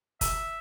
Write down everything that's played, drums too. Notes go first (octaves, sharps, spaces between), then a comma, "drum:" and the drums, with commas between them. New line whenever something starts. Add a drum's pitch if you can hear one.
E5, drum: kick, hi-hat